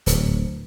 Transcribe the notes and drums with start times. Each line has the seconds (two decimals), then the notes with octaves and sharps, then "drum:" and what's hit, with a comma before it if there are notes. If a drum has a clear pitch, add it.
0.06 D1, drum: hi-hat